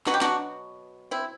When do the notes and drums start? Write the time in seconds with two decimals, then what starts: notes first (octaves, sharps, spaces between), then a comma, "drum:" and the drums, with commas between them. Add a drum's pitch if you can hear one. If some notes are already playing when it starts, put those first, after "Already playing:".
0.07 B2 F#3 B3 F#4, drum: snare
0.14 G4
0.21 D4 F#4, drum: snare
1.11 C4 E4